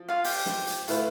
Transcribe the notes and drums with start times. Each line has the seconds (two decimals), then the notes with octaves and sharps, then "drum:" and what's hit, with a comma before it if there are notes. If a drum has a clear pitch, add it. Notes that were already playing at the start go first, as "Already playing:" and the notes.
Already playing: F3
0.09 F4 F5
0.24 G4 G5, drum: open hi-hat
0.46 drum: snare
0.67 drum: hi-hat
0.88 A3 E4 F4 B4 F5, drum: hi-hat